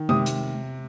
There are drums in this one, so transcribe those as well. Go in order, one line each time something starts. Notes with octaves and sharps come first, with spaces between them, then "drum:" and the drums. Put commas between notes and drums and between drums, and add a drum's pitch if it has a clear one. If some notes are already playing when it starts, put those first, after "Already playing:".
Already playing: D#3
C3 D#6, drum: tom G#3
drum: hi-hat